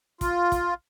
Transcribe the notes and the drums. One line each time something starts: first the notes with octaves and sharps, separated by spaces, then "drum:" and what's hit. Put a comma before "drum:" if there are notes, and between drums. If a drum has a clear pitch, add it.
F4, drum: kick, hi-hat
drum: kick, hi-hat